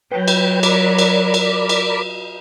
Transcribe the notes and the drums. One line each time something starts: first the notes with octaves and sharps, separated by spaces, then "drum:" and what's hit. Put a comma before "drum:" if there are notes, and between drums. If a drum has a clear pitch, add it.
F#3 B4 G5
drum: cymbal
A#4 D5 B5, drum: cymbal
drum: cymbal
drum: cymbal
drum: cymbal